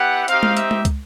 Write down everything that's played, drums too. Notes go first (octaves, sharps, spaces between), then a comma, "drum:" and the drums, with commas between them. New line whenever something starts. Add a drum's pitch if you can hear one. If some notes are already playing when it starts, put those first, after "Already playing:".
Already playing: B3 E4 G4 F#5
C4 D#4 G4 F5, drum: hi-hat
drum: tom G#3
E5, drum: hi-hat
drum: tom G#3
drum: kick, hi-hat